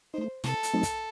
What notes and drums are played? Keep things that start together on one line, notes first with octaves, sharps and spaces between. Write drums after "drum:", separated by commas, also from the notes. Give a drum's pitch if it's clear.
A3 D#4 C5
C3 A4, drum: snare
drum: hi-hat
F#3 A3 C4 D#4
drum: kick, hi-hat